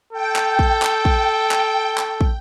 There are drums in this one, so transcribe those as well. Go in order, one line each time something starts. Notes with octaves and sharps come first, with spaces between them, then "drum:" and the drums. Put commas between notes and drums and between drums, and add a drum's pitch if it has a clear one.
A4 G5
drum: clap
drum: kick
drum: clap
drum: kick
drum: clap
drum: clap
drum: kick